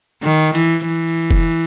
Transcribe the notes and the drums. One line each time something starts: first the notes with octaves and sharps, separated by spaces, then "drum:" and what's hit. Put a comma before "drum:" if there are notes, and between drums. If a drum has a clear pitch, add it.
D#3
E3, drum: hi-hat
E3
drum: kick F1